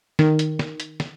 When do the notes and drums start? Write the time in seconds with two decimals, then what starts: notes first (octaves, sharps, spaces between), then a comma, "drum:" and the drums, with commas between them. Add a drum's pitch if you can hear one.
0.19 D#3, drum: snare
0.39 drum: hi-hat
0.59 drum: snare
0.80 drum: hi-hat
1.00 drum: snare